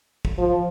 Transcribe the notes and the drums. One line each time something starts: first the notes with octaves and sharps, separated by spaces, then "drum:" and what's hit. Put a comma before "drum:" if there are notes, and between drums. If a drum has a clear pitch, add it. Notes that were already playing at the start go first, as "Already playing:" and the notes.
drum: kick
F3